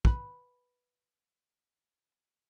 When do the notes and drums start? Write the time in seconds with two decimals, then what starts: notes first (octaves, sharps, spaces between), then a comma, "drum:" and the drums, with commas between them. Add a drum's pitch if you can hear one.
0.05 B4 B5, drum: kick